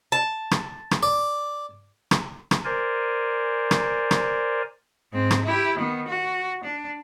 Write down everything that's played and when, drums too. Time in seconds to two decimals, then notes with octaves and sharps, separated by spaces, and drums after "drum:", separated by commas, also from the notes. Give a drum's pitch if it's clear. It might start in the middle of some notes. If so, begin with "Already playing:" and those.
0.12 A5
0.51 drum: rim click
0.91 drum: rim click
1.03 D5
2.11 drum: rim click
2.51 drum: rim click
2.65 A#4 C5 D5 G#5
3.71 drum: rim click
4.11 drum: rim click
5.13 G#2 C4
5.31 drum: rim click
5.44 E4 G4
5.78 D#3 B3
6.08 F#4
6.64 D4